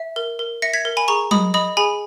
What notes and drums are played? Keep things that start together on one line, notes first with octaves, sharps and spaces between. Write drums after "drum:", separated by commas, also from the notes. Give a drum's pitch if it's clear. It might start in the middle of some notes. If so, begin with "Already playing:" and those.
Already playing: E5
A#4
A#4
E5 A#6 C#7
G#6 B6
A#4
G#5 B5
G#4 A#5 C#6
D#5 B5 D#6, drum: tom F#3
D#5 B5 D#6
G#4 G#5 B5